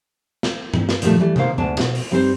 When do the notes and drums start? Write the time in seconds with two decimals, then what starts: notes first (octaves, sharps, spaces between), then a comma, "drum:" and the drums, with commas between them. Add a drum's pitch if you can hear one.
0.43 drum: snare
0.74 drum: tom G2
0.89 drum: snare
1.02 A#2 D#3 F3 G3 A3, drum: hi-hat
1.20 E3 G3 A3
1.36 B2 D#3 A#3 C5 F5, drum: tom C3
1.58 D2 G#2 B3 D4 A5
1.80 B2, drum: snare
1.95 drum: open hi-hat
2.11 G2 G3 C4 D#4 G#4 C5